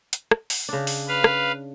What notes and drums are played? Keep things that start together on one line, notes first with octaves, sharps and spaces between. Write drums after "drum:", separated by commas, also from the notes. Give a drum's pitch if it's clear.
drum: hi-hat
drum: rim click
drum: open hi-hat
C#3 D4
drum: open hi-hat
B4 F5
drum: rim click